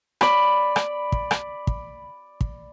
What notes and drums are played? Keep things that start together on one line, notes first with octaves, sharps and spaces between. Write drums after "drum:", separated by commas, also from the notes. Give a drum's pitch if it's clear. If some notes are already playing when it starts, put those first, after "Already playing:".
D5 B5, drum: rim click
drum: rim click
drum: kick
drum: rim click
drum: kick
drum: kick